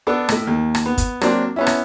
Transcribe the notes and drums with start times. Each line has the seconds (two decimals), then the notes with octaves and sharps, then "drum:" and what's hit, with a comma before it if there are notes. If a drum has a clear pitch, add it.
0.07 B3 D4 A4
0.29 A2 A3, drum: rim click
0.47 D#2
0.75 drum: rim click
0.86 B3
0.98 drum: kick, hi-hat
1.21 F#3 A#3 C4 D4, drum: rim click
1.56 B3 C#4 E4
1.67 drum: rim click